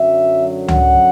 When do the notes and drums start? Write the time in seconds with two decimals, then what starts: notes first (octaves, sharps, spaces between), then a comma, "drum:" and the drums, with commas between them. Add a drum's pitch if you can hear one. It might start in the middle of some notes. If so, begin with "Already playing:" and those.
Already playing: F#2 D3 F#3 E5
0.68 F#5, drum: tom C#2